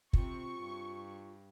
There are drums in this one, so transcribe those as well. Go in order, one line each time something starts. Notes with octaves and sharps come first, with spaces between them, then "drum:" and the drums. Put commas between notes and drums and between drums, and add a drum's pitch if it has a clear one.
C3 C4 F4 C#6, drum: kick
G2